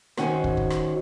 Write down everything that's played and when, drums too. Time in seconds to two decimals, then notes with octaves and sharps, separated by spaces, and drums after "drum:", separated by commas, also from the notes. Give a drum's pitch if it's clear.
0.17 D#3 C#4 D#4 F#4 C5, drum: rim click
0.44 drum: kick
0.57 drum: kick
0.70 drum: rim click